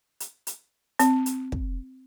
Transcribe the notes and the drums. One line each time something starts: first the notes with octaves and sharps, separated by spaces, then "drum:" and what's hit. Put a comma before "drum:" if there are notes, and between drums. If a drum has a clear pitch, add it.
drum: hi-hat
drum: hi-hat
C4, drum: hi-hat
drum: hi-hat
drum: kick